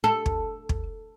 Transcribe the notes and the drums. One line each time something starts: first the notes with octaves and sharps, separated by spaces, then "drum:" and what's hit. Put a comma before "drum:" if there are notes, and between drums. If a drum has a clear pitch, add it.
A4
drum: kick
drum: kick